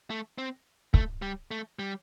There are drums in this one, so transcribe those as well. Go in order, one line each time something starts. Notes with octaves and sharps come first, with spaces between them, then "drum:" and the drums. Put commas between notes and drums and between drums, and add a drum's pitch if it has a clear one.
A3
C4
A3, drum: kick
G3
A3
G3